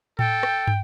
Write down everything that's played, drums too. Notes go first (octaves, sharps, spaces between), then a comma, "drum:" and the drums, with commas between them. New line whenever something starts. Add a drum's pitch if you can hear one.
A4 G5, drum: tom A2
drum: rim click
drum: tom